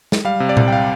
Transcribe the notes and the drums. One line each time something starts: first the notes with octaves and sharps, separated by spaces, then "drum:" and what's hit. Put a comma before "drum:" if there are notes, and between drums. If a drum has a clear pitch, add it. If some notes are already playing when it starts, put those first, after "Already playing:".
drum: snare
G3 F5
C3
D5
C2, drum: tom A#2
G5
F5